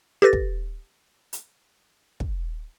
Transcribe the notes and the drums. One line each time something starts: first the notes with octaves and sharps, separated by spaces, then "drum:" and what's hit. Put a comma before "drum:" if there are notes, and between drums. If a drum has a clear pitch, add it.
G4 A4 B4 A6 A#6
drum: kick
drum: hi-hat
drum: kick